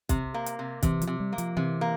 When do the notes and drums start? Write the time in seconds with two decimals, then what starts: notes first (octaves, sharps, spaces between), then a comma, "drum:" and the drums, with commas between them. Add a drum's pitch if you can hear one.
0.09 C3, drum: kick, hi-hat
0.34 A#3
0.46 drum: hi-hat
0.59 C3
0.83 C3 E3, drum: kick, hi-hat
1.02 F3, drum: hi-hat
1.07 C3
1.20 G3
1.33 A#3
1.38 F3, drum: hi-hat
1.57 C3 E3
1.81 A#3